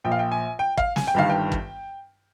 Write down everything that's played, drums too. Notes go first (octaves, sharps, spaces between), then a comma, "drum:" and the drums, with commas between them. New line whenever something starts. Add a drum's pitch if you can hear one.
A#1 A#2 G5
F5
G5
G#5
G5
F5, drum: kick
G#5, drum: snare
G5
G1 G2 D#3 F5
G5
drum: kick